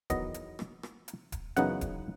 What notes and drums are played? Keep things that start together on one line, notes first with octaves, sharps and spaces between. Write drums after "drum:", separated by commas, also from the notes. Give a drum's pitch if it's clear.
E2 D#3 F#3 B3 D#4 D#5, drum: kick D1, hi-hat
drum: hi-hat
drum: rim click
drum: rim click
drum: hi-hat
drum: kick D1, hi-hat
F#2 C#3 E3 B3 D#4 F#5, drum: hi-hat
drum: kick D1, hi-hat